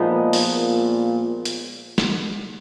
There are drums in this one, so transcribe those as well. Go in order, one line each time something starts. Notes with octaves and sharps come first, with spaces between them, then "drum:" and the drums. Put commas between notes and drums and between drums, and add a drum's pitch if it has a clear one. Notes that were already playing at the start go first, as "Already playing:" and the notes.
Already playing: A#2 F3 G#3 B3 D#4
drum: open hi-hat
A#2
drum: hi-hat
drum: snare